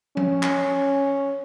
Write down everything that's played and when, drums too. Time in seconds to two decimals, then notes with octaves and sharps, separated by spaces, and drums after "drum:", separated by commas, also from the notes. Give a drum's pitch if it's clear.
0.17 C#4, drum: tom F3
0.43 drum: clap